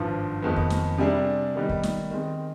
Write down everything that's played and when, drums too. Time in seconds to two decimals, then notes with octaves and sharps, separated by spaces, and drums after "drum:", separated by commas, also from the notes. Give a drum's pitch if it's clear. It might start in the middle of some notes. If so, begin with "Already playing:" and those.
Already playing: G#1 G2 F3
0.42 F2 D#3 G#3 B3
0.56 drum: kick
0.70 drum: snare
0.98 C3 G3 D4 G#4
1.55 D#3 G3 B3 D#4
1.69 drum: kick
1.83 drum: snare
2.11 D#3 G#3 C4